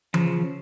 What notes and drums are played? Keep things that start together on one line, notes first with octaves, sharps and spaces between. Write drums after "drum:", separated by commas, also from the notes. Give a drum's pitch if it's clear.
C#3 F3, drum: tom E3